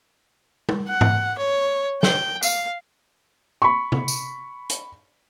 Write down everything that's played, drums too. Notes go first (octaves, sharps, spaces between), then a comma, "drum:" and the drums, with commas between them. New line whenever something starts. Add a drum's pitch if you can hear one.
drum: tom
F#5
drum: tom G#2
C#5
G5, drum: snare
F5, drum: tambourine
B5 C#6
drum: tom
drum: tambourine
drum: hi-hat